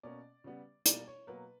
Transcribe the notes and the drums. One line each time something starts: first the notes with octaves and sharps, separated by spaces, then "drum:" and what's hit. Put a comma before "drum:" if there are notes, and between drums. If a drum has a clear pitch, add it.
B2 A#3 C#4 D5
C#3 G3 B3
B2 G3 A#3 D5, drum: hi-hat
C#5
B2 F#3 A#3 B4